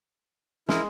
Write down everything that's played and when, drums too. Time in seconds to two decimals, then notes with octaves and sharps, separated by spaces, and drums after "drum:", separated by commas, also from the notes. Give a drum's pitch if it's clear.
0.69 G#3 E4 A#4, drum: snare